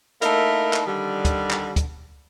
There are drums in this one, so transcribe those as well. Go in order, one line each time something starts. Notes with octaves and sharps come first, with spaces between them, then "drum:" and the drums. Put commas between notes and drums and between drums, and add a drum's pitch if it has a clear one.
A3 A#3 D#4 E4 A#4, drum: hi-hat
drum: clap
D3 D#3 G3
drum: kick, hi-hat
drum: clap
drum: kick, hi-hat